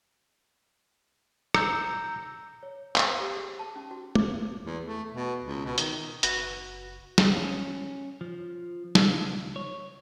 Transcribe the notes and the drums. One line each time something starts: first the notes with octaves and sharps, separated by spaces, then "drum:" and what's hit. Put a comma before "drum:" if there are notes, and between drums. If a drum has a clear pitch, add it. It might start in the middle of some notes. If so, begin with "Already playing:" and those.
A#5 E6 G6, drum: rim click
C#5
C5, drum: clap
G4
G#4
A5
C#4
F#4
D6, drum: tom
E2
A3
B2
C#2
B2
D#3, drum: hi-hat
F#1 F#4 B4, drum: hi-hat
drum: snare
C#4
F3
C#2, drum: snare
C#5